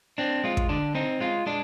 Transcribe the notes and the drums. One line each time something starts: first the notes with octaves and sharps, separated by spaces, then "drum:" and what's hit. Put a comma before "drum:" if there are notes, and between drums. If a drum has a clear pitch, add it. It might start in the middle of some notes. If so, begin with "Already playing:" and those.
C4 D4
G#3 F4
drum: kick
D3 D4
C4 D#4
G#3 F4
G#3 D4